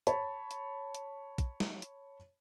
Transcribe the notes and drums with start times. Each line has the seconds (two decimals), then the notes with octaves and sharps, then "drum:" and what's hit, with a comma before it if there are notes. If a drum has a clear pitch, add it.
0.07 C#5 A5 B5, drum: hi-hat
0.51 drum: hi-hat
0.95 drum: hi-hat
1.38 drum: kick, hi-hat
1.60 drum: snare
1.82 drum: hi-hat